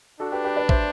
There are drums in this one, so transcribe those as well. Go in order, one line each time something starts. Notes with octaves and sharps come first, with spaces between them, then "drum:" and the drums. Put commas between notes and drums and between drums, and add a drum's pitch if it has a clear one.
D4 F#4 A4
G4 B4
G4 B4
B4 D5
C5 E5, drum: kick